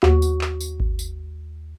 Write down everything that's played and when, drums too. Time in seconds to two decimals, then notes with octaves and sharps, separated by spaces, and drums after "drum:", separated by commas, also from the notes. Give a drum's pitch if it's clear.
0.03 D#2 F#4, drum: clap
0.22 drum: tambourine
0.41 drum: clap
0.61 drum: tambourine
0.80 drum: kick G#1
0.99 drum: tambourine